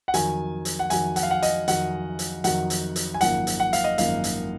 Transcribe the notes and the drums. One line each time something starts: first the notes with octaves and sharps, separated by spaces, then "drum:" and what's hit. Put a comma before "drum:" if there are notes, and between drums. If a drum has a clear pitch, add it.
F#5
F2 D#3 F#3 G#5, drum: hi-hat
drum: hi-hat
F#5
F2 D#3 F#3 G#5, drum: hi-hat
F#5, drum: hi-hat
F5
F#5
D#5, drum: hi-hat
F2 D#3 F#3 F#5, drum: hi-hat
drum: hi-hat
F2 D#3 F#3 F#5, drum: hi-hat
drum: hi-hat
drum: hi-hat
G#5
G#1 F#2 F3 A#3 F#5, drum: hi-hat
drum: hi-hat
F#5
F5, drum: hi-hat
D#5
G#1 F#2 F3 A#3 F5, drum: hi-hat
drum: hi-hat